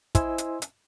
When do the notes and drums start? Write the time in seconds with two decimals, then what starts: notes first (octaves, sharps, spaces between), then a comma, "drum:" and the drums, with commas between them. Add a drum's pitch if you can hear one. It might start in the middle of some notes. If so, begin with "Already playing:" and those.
0.15 E4 C5 D#5 G#5 C6 E6, drum: kick, hi-hat
0.38 drum: hi-hat
0.62 drum: hi-hat